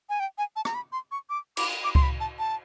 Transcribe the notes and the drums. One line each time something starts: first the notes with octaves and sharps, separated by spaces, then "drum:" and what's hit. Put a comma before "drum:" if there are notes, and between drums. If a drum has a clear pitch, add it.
G#5
G5
G#5
A5
A#5, drum: rim click
B5
C6
C#6
D6
D6, drum: cymbal
D6
C6, drum: kick C#2
B5
A5
A5